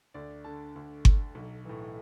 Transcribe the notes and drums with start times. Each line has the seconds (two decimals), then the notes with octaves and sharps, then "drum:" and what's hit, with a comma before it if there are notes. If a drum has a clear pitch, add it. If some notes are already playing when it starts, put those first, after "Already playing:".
0.14 D2 D5
0.44 D3 A5
0.76 D2
1.05 D3, drum: kick G1
1.35 B1
1.65 A2 E3